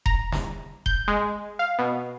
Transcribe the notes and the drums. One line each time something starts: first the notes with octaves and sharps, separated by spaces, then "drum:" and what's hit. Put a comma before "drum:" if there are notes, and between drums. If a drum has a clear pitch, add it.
A#5, drum: kick F1
drum: snare
G6, drum: kick F1
G#3
F5
B2